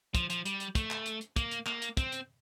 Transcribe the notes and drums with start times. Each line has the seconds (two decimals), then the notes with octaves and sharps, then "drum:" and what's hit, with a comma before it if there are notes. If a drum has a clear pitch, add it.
0.15 F3, drum: kick, hi-hat
0.30 F3, drum: hi-hat
0.46 G3, drum: hi-hat
0.60 drum: hi-hat
0.75 A3, drum: kick, hi-hat
0.91 drum: clap
1.06 drum: hi-hat
1.21 drum: hi-hat
1.36 A#3, drum: kick, hi-hat
1.51 drum: hi-hat
1.66 A#3, drum: clap
1.82 drum: hi-hat
1.97 C4, drum: kick, hi-hat
2.12 drum: hi-hat